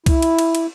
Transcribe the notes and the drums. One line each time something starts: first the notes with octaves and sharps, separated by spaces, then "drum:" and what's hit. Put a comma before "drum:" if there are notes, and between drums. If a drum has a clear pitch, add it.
E4, drum: kick C2, cymbal
drum: cymbal
drum: cymbal
drum: cymbal